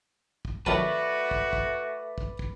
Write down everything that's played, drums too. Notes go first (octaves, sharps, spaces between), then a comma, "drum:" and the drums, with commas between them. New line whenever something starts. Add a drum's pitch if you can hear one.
drum: kick
D#3 F#3 A3 F#4 B4 D5 A5, drum: kick
drum: kick
drum: kick
drum: kick
drum: kick